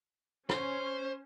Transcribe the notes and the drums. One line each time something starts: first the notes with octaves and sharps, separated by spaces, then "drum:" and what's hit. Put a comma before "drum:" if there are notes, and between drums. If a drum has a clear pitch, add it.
C#4 C5, drum: rim click